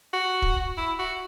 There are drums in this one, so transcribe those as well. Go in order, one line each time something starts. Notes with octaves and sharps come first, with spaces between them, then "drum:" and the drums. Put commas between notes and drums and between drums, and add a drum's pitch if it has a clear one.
F#4
drum: kick
E4
F#4